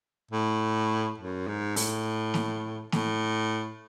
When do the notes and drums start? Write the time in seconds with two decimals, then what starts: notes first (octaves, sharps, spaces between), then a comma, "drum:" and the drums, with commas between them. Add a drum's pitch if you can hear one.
0.31 A2
1.18 F#2
1.47 G#2
1.76 A2, drum: open hi-hat
2.34 drum: snare
2.92 A2, drum: snare